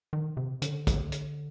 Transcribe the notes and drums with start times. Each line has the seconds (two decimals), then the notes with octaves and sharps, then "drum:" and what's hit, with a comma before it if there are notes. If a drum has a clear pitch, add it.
0.13 D#3
0.37 C3
0.62 D3, drum: hi-hat
0.87 drum: kick, hi-hat
1.12 drum: hi-hat